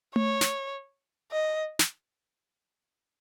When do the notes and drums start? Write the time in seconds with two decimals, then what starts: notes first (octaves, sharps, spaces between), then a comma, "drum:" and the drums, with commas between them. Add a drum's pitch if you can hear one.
0.16 C#5, drum: tom A3
0.41 drum: snare
1.32 D#5
1.79 drum: snare